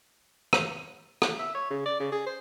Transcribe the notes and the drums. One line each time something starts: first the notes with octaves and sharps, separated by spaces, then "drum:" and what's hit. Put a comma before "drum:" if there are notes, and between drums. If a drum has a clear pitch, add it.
drum: rim click
drum: rim click
E5
C#5
C#3
D5
C#3
G#4
C5